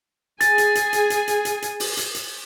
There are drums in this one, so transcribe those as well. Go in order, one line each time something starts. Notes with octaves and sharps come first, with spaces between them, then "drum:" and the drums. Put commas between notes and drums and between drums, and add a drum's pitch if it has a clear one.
G#4 G#5 A6, drum: hi-hat
drum: hi-hat
drum: hi-hat
drum: hi-hat
drum: hi-hat
drum: hi-hat
drum: hi-hat
drum: hi-hat
drum: open hi-hat
drum: hi-hat
drum: hi-hat